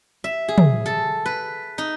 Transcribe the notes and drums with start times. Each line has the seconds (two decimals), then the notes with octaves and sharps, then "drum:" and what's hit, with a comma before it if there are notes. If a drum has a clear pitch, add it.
0.24 E5
0.48 G#4
0.58 drum: tom
0.86 A4
1.26 B4
1.78 D#4